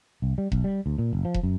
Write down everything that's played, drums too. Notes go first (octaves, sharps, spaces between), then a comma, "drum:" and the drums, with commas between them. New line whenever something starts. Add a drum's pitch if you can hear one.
C2
G3
B1, drum: kick E1
G3
D2
A#2
F#1
F3
drum: kick E1
F#2